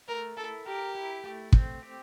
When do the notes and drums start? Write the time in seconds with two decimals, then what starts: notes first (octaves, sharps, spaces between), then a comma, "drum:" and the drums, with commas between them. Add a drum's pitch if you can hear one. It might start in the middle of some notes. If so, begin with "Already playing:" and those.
0.08 A3 A#4
0.37 E4 A4
0.66 G4 A#4
0.95 E4
1.24 A3
1.53 C4, drum: kick
1.83 G4